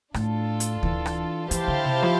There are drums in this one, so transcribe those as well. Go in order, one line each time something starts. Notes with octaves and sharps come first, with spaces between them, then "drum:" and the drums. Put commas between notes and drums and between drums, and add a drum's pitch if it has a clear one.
A2 D4 F4 A4, drum: rim click
drum: hi-hat
E3, drum: kick D2
drum: rim click
E3 E4 G4 C5 F5 A5, drum: hi-hat
D3
C3
F3